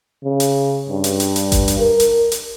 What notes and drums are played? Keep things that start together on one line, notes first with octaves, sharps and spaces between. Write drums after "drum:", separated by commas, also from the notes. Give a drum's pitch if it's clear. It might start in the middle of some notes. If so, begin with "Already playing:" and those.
C#3
drum: hi-hat
G2
drum: hi-hat
drum: hi-hat
drum: hi-hat
drum: kick G1, hi-hat
drum: hi-hat
A#4
drum: hi-hat
drum: hi-hat